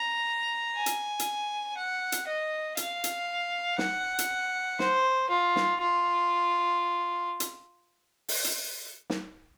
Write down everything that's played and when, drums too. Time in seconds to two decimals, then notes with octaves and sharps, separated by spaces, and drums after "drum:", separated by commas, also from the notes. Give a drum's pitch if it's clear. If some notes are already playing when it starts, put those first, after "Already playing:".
Already playing: A#5
0.75 G#5
0.86 drum: hi-hat
1.19 drum: hi-hat
1.77 F#5
2.12 drum: hi-hat
2.27 D#5
2.77 F5, drum: hi-hat
3.04 drum: hi-hat
3.78 F#5, drum: snare
4.19 drum: hi-hat
4.79 C5, drum: snare
5.30 F4
5.56 drum: snare
5.81 F4
7.40 drum: hi-hat
8.29 drum: open hi-hat
8.44 drum: hi-hat
9.10 drum: snare